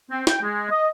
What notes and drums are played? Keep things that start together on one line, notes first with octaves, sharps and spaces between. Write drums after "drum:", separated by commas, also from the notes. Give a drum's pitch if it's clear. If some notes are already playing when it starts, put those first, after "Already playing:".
C4
G5, drum: snare
G#3
D#5